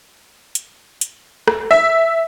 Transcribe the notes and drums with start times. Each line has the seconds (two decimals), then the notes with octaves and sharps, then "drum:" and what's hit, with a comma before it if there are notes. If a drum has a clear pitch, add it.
0.55 drum: hi-hat
1.01 drum: hi-hat
1.48 drum: rim click
1.71 E5